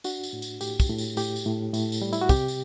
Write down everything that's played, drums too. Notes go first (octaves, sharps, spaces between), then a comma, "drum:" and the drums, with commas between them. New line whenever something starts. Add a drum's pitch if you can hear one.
D4 F#4, drum: tambourine
drum: tambourine
A2
drum: tambourine
A2 G4, drum: tambourine
drum: kick, tambourine
A2
drum: tambourine
A2 G4, drum: tambourine
drum: tambourine
A2
A2, drum: tambourine
drum: tambourine
G3
E4, drum: tambourine
F#4
C3 G4, drum: kick, tambourine
drum: tambourine